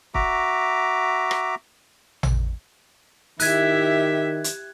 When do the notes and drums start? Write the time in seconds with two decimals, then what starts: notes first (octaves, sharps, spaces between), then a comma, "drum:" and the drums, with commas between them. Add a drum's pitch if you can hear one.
0.14 F#4 E5 A#5 D6, drum: kick
1.31 drum: rim click
2.23 drum: tom A1
3.40 D#3 E4 G4 E5 F#6 G#6, drum: open hi-hat
4.44 drum: hi-hat